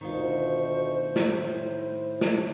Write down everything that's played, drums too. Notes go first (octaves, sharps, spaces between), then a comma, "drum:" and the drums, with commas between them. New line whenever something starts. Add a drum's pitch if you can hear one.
D2 B2 D#3 D#4 F4 C5 C#6
A2, drum: snare
drum: snare